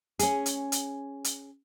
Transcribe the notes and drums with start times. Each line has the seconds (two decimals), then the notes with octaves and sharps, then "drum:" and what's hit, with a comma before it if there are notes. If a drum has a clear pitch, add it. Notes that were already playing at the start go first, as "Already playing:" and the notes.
0.19 C#4 G#4, drum: hi-hat
0.46 drum: hi-hat
0.72 drum: hi-hat
1.24 drum: hi-hat